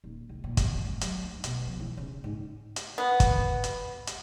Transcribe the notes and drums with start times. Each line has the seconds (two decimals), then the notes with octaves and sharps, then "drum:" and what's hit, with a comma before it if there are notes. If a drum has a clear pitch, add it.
0.04 D#1
0.29 C2
0.44 A#2
0.57 F2, drum: kick, hi-hat
0.85 G3
1.01 F#3, drum: hi-hat
1.23 D2
1.44 B2, drum: hi-hat
1.67 F3
1.80 E3
1.97 C#3
2.24 G#2
2.76 drum: hi-hat
2.98 B3
3.20 drum: kick, hi-hat
3.64 drum: hi-hat
4.07 drum: hi-hat